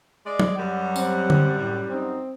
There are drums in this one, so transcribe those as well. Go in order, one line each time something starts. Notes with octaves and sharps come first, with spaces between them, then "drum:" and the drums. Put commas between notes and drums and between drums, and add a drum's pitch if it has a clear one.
G#3 D5
drum: tom
F#2 F#3 G3 F#5
C4, drum: tambourine
drum: tom D3
A2
C4 D#4